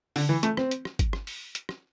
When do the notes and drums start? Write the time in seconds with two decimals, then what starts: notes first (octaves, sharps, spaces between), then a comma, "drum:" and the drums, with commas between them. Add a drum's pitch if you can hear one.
0.16 D3, drum: open hi-hat
0.29 E3
0.43 A3, drum: hi-hat
0.57 C4, drum: rim click
0.71 drum: hi-hat
0.85 drum: rim click
0.99 drum: kick G1, hi-hat
1.13 drum: rim click
1.27 drum: open hi-hat
1.55 drum: hi-hat
1.69 drum: rim click